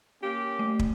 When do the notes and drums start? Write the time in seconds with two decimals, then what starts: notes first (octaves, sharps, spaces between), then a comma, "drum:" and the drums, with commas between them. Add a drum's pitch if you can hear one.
0.22 A#3 C#4 G4
0.59 A3
0.79 drum: kick